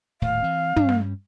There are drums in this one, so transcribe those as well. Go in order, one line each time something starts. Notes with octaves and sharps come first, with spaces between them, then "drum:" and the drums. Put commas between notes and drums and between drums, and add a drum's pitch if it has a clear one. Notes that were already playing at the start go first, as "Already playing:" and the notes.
D#1 A2 F5
E3 C4
G2 G3 C#4, drum: tom
drum: snare